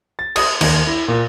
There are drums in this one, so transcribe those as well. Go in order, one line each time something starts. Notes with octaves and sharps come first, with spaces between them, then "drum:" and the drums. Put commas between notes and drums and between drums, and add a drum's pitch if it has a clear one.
A6
D#6, drum: cymbal
D#2, drum: cymbal
E4
A#2